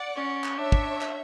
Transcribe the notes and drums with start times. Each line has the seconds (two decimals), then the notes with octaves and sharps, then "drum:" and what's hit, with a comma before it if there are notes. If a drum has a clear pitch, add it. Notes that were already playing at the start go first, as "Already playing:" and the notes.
Already playing: D5 F#5
0.16 C#4
0.44 drum: clap
0.58 D4 C#5 E5
0.72 drum: kick
1.01 drum: clap